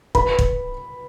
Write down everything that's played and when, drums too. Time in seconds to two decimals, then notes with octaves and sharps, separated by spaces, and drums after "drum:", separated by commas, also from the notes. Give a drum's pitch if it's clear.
0.15 B4 B5, drum: kick
0.39 drum: kick